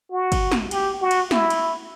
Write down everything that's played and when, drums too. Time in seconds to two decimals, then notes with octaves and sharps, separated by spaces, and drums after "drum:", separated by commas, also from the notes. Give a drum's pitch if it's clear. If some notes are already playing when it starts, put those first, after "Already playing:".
0.12 F#4
0.32 drum: kick, cymbal
0.52 drum: snare
0.71 G4, drum: cymbal
1.02 F#4
1.11 drum: cymbal
1.31 E4, drum: snare
1.50 drum: cymbal